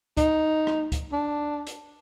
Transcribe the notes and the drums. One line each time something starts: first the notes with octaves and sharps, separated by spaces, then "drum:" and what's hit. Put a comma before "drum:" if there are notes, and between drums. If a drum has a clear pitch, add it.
D#4, drum: kick C#2, hi-hat
drum: rim click
drum: kick C#2, hi-hat
D4
drum: hi-hat